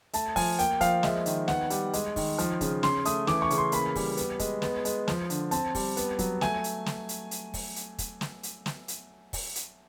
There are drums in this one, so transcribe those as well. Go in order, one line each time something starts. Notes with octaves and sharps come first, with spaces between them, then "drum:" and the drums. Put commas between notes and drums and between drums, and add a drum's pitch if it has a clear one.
A3 A5, drum: hi-hat
F3 G#5, drum: kick, open hi-hat
A#3 G5, drum: hi-hat
F3 F5, drum: kick, hi-hat
G#3 E5, drum: snare
D#3, drum: hi-hat
B3 F#5, drum: snare
G3, drum: hi-hat
G#3, drum: hi-hat
D#3, drum: kick, open hi-hat
F3, drum: hi-hat
C#3, drum: kick, hi-hat
C#4 C6, drum: snare
A3 D#6, drum: hi-hat
E3 D6, drum: snare
C#6
C#3, drum: hi-hat
C6
A#3 B5, drum: hi-hat
G3, drum: kick, open hi-hat
B3, drum: hi-hat
G#3, drum: kick, hi-hat
B3, drum: snare
G#3, drum: hi-hat
F3, drum: snare
D3, drum: hi-hat
C4 A5, drum: hi-hat
G3, drum: kick, open hi-hat
B3, drum: hi-hat
F#3, drum: kick, hi-hat
A3 G#5, drum: snare
drum: hi-hat
drum: snare
drum: hi-hat
drum: hi-hat
drum: kick, open hi-hat
drum: hi-hat
drum: kick, hi-hat
drum: snare
drum: hi-hat
drum: snare
drum: hi-hat
drum: kick, open hi-hat
drum: hi-hat